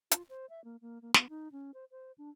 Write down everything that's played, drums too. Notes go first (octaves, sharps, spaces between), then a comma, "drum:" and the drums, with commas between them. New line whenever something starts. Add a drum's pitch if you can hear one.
F4, drum: hi-hat
C5
E5
A#3
A#3
A#3
B3, drum: snare
D#4
C#4
C5
C5
D4